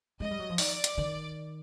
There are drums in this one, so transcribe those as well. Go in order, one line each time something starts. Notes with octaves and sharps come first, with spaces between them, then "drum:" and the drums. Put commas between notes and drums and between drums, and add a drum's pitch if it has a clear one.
G#3 D#5
G3
F#3
F3
D#3 D5, drum: open hi-hat
drum: hi-hat
D#3